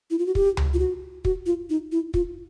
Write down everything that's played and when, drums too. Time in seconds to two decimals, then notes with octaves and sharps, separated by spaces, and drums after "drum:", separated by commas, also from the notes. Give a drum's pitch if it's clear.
0.11 E4
0.19 F4
0.26 F#4
0.35 G4, drum: kick
0.57 drum: tom C#2
0.74 F4
0.79 F#4
1.25 F#4, drum: kick
1.46 F4
1.70 D#4
1.92 E4
2.14 F4, drum: kick